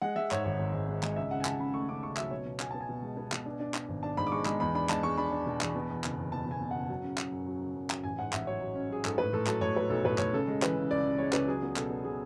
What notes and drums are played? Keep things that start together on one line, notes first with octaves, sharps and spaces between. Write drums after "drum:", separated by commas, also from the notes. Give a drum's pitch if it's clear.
G#3 F#5
G#3 E5
G#2 C#5, drum: clap
G#1 C#5
G#1
G#2
G#3
G#3, drum: clap
C#2 E5
C#3 F#5
G#5
C#2 A5, drum: clap
C#3 B5
A3 C#6
C#3 D6
C#2 C#6
F#3 E5, drum: clap
B2 C#5
B2
B3 G#5, drum: clap
B3 A5
G#5
B2
G#3
B3
B2, drum: clap
D4
D4
D4, drum: clap
G#1
D4 A5
G#2 B5
D6
G#3 C#6
G#3 B5, drum: clap
E2 B5
D4 B5
G#3 A5, drum: clap
G#3 C#6
D4 B5
D4
B2
E2, drum: clap
B2
E2
F#1, drum: clap
E2
B2 A5
B2 G#5
B2
F#1 F#5
F#3
C#3
F#3, drum: clap
F#2
F#3
C#3
F#2
F#3, drum: clap
A1 G#5
G#2 F#5
A1 E5, drum: clap
F#3 C#5
F#3
C#4
F#3 G#4
G#2 A4, drum: clap
A2 B4
A2 A4
F#3 A4, drum: clap
A2 C#5
F#3 B4
B1 A4
A2 B4
A2 C#5, drum: clap
C#3 A4
G#3
E3 B4, drum: clap
C#3
C#2 D5
C#3
G#3 C#5
C#2 B4, drum: clap
F#3 G#4
B3
B2 A4, drum: clap
B3
B2 G#4